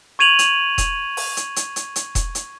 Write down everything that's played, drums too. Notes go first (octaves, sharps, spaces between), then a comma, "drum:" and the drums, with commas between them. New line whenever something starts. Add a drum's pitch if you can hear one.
C#6 G#6 D#7 F7 F#7
drum: hi-hat
drum: kick E1, hi-hat
drum: open hi-hat
drum: hi-hat
drum: hi-hat
drum: hi-hat
drum: hi-hat
drum: kick E1, hi-hat
drum: hi-hat